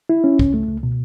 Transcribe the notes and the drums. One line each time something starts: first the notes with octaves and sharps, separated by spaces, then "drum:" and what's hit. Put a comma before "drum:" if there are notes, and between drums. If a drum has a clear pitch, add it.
E4
C#4
C#2, drum: kick
A3
C#2
B2